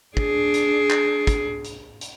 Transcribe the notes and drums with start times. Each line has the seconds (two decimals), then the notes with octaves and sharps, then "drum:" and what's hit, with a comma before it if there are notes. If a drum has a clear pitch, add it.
0.17 D4 G#4, drum: kick
0.54 drum: hi-hat
0.90 drum: clap
1.27 drum: kick, hi-hat
1.64 drum: hi-hat
2.01 drum: hi-hat